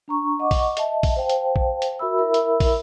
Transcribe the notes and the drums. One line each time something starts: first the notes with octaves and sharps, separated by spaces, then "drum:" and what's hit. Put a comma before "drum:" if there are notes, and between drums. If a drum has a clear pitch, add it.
D4 A#5 C#6
D#5 F#5 C#6 D6
drum: kick, open hi-hat
D#5 E5 A5, drum: hi-hat
drum: kick, open hi-hat
C5 F5 G5 A5
drum: hi-hat
drum: kick
drum: hi-hat
F#4 A#4 E5 B5 E6
E4 A#4 E5 B5 E6
drum: hi-hat
drum: kick, open hi-hat